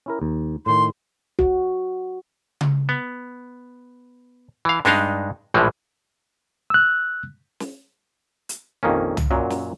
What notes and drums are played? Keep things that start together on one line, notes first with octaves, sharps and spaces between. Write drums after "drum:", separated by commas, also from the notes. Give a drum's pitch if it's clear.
C#4 E4 A#4
D#2
A2 D#3 C6
F#4, drum: kick B1
drum: tom C#3
B3
E3 F5
G2 G#3 D4 D#4 D#5 F5, drum: snare
A#1 A2 E3 F3 G#3
E6 F#6
drum: snare
drum: hi-hat
A#1 F2 D#3 A#3 C#4
drum: tom
F#2 A#2 F#3
drum: snare